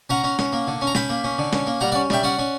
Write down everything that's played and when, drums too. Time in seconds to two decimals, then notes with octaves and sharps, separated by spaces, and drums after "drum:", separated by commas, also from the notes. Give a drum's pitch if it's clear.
0.10 C#4 F#5 A#5
0.24 C#4
0.39 C#4, drum: snare G#3
0.53 A#3
0.67 D3
0.81 C#4
0.87 A#5
0.95 C#4 G5 B5, drum: snare G#3
1.10 A#3
1.24 C#4
1.39 D3
1.53 C#4, drum: snare G#3
1.67 A#3
1.81 G3 F#5 A#5
1.92 D5 F#5
1.95 C#4
2.10 G3 E5 G5, drum: snare G#3
2.23 C#4 D5 F#5
2.39 C#4